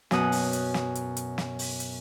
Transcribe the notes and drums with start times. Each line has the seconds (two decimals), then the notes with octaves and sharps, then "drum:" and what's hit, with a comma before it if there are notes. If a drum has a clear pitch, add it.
0.11 F#2 B2 D#6 F#6, drum: snare
0.32 drum: open hi-hat
0.53 drum: hi-hat
0.74 drum: snare
0.95 drum: hi-hat
1.17 drum: hi-hat
1.38 drum: snare
1.59 drum: open hi-hat
1.80 drum: hi-hat